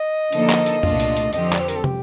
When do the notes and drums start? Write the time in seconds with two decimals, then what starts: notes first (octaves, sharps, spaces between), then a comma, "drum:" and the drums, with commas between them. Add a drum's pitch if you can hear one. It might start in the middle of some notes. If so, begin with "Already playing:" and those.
Already playing: D#5
0.32 D3 F3 A#3 D#4 A4, drum: hi-hat
0.50 drum: clap
0.66 drum: hi-hat
0.83 C2 A#2 A3 D4 F4, drum: tom
1.00 drum: hi-hat
1.17 drum: hi-hat
1.33 F2 D3 F3 C4 G4 D#5, drum: hi-hat
1.53 D5, drum: clap
1.60 C5
1.68 A#4, drum: hi-hat
1.76 A4
1.84 G4, drum: tom